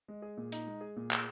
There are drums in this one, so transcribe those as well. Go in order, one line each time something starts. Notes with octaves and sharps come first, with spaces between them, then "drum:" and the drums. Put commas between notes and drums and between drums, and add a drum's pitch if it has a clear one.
G#3
G#4
A#2
D#4, drum: hi-hat
G#3
G#4
A#2
G#4, drum: clap